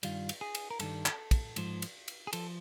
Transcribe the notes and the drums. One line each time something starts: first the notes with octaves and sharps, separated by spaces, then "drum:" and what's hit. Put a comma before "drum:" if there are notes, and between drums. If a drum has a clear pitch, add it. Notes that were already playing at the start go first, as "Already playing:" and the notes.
G2 D#3 G3 F4, drum: cymbal
drum: cymbal
G#4
drum: cymbal
A#4
G2 D#3 G3 A4, drum: cymbal
drum: clap
drum: kick, cymbal
G#2 F3, drum: cymbal
drum: cymbal
drum: cymbal
G#4
F3 A4, drum: cymbal